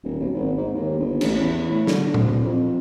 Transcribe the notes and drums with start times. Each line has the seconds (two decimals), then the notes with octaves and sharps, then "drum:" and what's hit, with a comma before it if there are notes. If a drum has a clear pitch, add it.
0.04 D#1
0.20 B1
0.34 G#1
0.58 G#2
0.74 D#2
0.98 G1
1.21 A1, drum: cymbal
1.40 E2
1.70 A2
1.87 D3, drum: snare
2.14 D1, drum: tom
2.45 F2